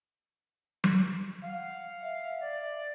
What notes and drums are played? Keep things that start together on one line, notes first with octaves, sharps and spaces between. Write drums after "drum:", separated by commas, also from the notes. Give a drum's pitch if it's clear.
drum: tom F#3
F5 F#5
E5
D5